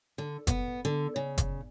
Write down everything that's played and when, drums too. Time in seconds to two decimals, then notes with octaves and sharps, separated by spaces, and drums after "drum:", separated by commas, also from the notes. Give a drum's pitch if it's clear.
0.18 D3
0.47 B3, drum: kick F#1, hi-hat
0.85 D3
1.16 C#3
1.38 drum: kick F#1, hi-hat